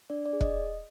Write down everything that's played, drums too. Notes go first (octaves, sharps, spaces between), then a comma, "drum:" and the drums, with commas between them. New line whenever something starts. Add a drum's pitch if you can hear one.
D4 D5
D5
G#4
D#5, drum: kick